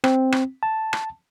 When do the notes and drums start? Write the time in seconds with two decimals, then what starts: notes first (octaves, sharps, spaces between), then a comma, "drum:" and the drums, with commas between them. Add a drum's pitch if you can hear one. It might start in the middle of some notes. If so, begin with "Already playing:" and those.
0.04 C4, drum: rim click
0.32 drum: rim click
0.63 A5
0.93 drum: rim click